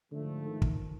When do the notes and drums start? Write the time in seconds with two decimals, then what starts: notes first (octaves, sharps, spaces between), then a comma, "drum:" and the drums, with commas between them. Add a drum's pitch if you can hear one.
0.11 G#2 D3 F3 A3
0.47 D#3
0.62 drum: kick